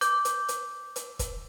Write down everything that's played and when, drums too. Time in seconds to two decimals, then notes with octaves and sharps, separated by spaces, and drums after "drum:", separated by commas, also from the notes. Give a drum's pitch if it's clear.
0.01 D6 G6, drum: hi-hat
0.25 drum: hi-hat
0.48 drum: hi-hat
0.96 drum: hi-hat
1.19 drum: kick, hi-hat